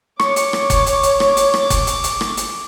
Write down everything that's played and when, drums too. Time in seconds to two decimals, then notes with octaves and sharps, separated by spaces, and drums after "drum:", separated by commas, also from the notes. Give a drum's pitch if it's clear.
0.20 C#5 C#6 D6, drum: rim click
0.36 drum: hi-hat
0.53 drum: rim click
0.70 drum: kick F#1, hi-hat
0.87 drum: hi-hat
1.03 drum: hi-hat
1.20 drum: rim click
1.37 drum: hi-hat
1.54 drum: rim click
1.70 drum: kick F#1, hi-hat
1.87 drum: hi-hat
2.04 drum: hi-hat
2.21 drum: rim click
2.37 drum: hi-hat